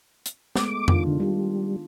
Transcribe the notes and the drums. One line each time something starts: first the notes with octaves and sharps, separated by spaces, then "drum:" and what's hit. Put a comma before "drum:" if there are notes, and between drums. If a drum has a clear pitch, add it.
drum: hi-hat
G#3 A3 B3 D6, drum: snare
D#3 D4 F4, drum: tom F2
D3
G3 D4 F4